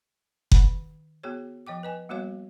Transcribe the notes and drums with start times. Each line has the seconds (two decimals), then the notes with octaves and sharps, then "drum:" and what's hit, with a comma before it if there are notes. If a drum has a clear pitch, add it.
0.52 D#3 F#5 B5, drum: kick F#1
1.23 B3 F#4 G#4 C#5
1.67 F3 D#5 G5 D6
1.83 B4 D#5 G#5
2.09 G3 A#3 B3 F#4 C#5 F5